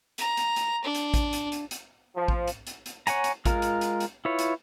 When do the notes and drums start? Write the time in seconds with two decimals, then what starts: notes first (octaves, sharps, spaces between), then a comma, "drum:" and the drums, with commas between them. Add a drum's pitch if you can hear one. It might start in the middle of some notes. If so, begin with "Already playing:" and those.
0.18 A#5, drum: hi-hat
0.37 drum: hi-hat
0.56 drum: hi-hat
0.84 D4
0.95 drum: hi-hat
1.14 drum: kick A1, hi-hat
1.33 drum: hi-hat
1.52 drum: hi-hat
1.71 drum: hi-hat
2.16 F3
2.28 drum: kick A1
2.47 drum: hi-hat
2.67 drum: hi-hat
2.86 drum: hi-hat
3.07 C#5 F#5 G#5 A#5, drum: hi-hat
3.24 drum: hi-hat
3.45 G#3 F4 A#4, drum: kick A1, hi-hat
3.62 drum: hi-hat
3.81 drum: hi-hat
4.00 drum: hi-hat
4.25 E4 F4 B4 C#5
4.39 drum: hi-hat